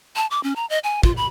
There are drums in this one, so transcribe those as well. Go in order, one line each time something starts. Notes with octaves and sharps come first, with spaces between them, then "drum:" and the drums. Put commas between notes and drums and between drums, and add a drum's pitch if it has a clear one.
A5
D6
C#4
A#5
D#5
G#5
F4, drum: kick
B5